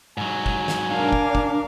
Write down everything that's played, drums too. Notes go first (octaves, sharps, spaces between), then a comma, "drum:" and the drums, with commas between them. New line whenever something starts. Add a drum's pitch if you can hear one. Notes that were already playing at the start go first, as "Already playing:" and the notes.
G#2 F#3 G#5
drum: kick
drum: snare
D4 A#4 F5
drum: kick
drum: kick